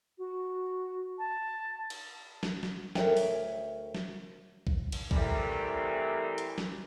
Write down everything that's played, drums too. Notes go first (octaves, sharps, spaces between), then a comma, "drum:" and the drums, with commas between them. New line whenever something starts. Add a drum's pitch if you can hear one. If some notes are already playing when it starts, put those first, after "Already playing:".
F#4
A5
drum: cymbal
drum: snare
drum: snare
D2 A#4 C#5 E5 G5, drum: snare
drum: open hi-hat
drum: snare
drum: kick B1
drum: cymbal
C2 E3 G3 A3 C4 A#4, drum: kick B1
drum: hi-hat
drum: snare